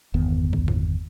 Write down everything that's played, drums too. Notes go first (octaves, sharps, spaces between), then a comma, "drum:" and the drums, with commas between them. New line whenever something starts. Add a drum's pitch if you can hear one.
G1 E2 D#3 B3
drum: kick B1
drum: tom A2